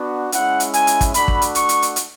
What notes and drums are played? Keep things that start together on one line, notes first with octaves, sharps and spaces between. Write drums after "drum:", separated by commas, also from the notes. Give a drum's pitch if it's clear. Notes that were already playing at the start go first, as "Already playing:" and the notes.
Already playing: B3 D4 F#4
G#3 C#4 E4 F#5, drum: hi-hat
drum: hi-hat
G#5, drum: hi-hat
drum: hi-hat
drum: kick, hi-hat
A3 D4 F#4 B5, drum: hi-hat
drum: kick
drum: hi-hat
C#6, drum: hi-hat
drum: hi-hat
drum: hi-hat
drum: hi-hat